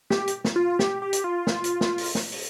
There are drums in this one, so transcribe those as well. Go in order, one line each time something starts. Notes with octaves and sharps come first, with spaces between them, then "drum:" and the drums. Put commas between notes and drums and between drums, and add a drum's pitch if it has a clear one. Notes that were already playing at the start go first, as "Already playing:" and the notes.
G4, drum: snare
drum: hi-hat
drum: snare
F4
G4, drum: snare
G4
drum: hi-hat
F4
drum: snare
drum: hi-hat
drum: snare
drum: open hi-hat
drum: snare
drum: open hi-hat